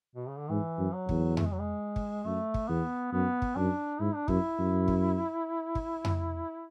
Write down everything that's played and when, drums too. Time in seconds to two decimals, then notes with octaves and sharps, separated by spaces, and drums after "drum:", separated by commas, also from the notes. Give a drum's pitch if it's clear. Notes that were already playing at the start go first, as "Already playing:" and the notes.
0.16 B2
0.28 C#3
0.39 D3
0.50 G#2 E3
0.79 F#2
0.93 F#3
1.09 E2, drum: kick
1.37 A3, drum: tom F2
1.44 G#3
1.52 F#3
1.59 G#3
1.96 drum: kick
2.25 F#2 A3
2.54 drum: kick
2.69 E2 B3
3.12 F#2 B3
3.42 drum: kick
3.56 F#2 D4
4.00 G#2 E4
4.14 D4
4.28 F#2 E4, drum: kick
4.59 F#2
4.88 drum: kick
5.75 drum: kick
6.05 drum: tom F2